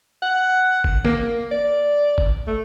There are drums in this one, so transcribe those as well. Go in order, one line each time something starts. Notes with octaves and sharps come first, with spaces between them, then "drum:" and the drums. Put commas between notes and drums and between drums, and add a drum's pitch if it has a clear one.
F#5
drum: kick G1
A#3, drum: snare
D5
drum: kick G1
A3